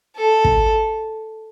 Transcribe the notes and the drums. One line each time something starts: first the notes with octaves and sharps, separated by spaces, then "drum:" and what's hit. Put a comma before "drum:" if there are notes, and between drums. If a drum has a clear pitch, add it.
A4
drum: kick